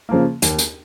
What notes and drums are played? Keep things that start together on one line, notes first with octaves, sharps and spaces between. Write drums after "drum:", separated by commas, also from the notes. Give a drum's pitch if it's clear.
C#3 F3 A#3
D#2, drum: hi-hat
drum: hi-hat